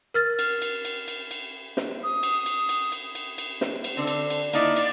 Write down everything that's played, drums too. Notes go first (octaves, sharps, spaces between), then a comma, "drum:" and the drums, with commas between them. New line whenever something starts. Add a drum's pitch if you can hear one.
A#4 F6 A6
drum: cymbal
drum: cymbal
drum: cymbal
drum: cymbal
drum: cymbal
drum: snare
D#6
drum: cymbal
drum: cymbal
drum: cymbal
drum: cymbal
drum: cymbal
drum: cymbal
drum: snare
drum: cymbal
D3 C4 D4
drum: cymbal
drum: cymbal
A#3 D#4 E4 D5, drum: cymbal
drum: cymbal